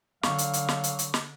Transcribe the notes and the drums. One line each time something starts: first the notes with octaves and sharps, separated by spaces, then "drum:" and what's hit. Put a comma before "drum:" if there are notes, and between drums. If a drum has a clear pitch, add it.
D3 F#3 F5 C#6, drum: snare
drum: hi-hat
drum: hi-hat
drum: snare
drum: hi-hat
drum: hi-hat
drum: snare